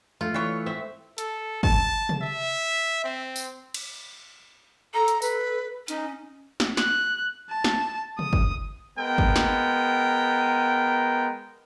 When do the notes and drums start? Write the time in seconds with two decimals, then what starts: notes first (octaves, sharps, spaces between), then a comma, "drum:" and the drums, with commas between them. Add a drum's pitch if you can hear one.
0.21 A3 F4
0.34 E3 C#5
0.66 C4 E5
1.18 A4, drum: hi-hat
1.63 A5, drum: kick
2.09 drum: tom C3
2.22 E5
3.04 C4
3.36 drum: tambourine
3.74 drum: cymbal
4.94 A4 A#5
5.08 drum: hi-hat
5.22 B4, drum: tambourine
5.88 C#4 D#4, drum: hi-hat
6.60 drum: snare
6.77 F#6, drum: snare
7.50 A5
7.64 drum: snare
8.19 D#6, drum: tom C3
8.33 drum: kick
8.99 G#3 B3 A#4 G5
9.18 drum: kick
9.36 drum: snare